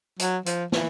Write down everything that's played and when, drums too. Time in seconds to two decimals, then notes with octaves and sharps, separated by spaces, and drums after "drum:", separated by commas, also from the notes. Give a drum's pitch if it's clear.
0.19 F#3, drum: hi-hat
0.46 F3, drum: hi-hat
0.72 E3, drum: snare